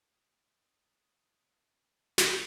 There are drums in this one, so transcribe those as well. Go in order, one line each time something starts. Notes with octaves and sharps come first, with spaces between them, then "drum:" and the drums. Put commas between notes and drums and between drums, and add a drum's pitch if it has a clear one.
D#6
C#4 E4 F#5
drum: snare